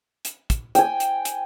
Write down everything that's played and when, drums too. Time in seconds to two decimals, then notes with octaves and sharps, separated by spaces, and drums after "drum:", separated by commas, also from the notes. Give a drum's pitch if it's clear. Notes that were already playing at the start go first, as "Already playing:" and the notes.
0.25 drum: hi-hat
0.50 drum: kick, hi-hat
0.75 G5 G#5, drum: hi-hat
1.00 drum: hi-hat
1.25 drum: hi-hat